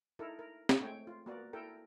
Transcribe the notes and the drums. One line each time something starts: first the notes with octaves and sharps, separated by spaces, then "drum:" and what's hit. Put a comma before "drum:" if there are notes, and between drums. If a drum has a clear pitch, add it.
D#4 E4 A4 A#4
A#4
drum: snare
G#3 A3 C4 C#5 G5
F4
A#3 B3 F#4 A#4 D5
E4 A4 A#4 G5